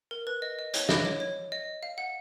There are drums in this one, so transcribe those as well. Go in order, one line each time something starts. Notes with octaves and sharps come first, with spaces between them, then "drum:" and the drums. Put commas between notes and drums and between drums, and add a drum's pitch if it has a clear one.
A#4
B4
D#5
D#5
C#5, drum: hi-hat
D#5, drum: snare
C#5
C#5
D#5
F5
F#5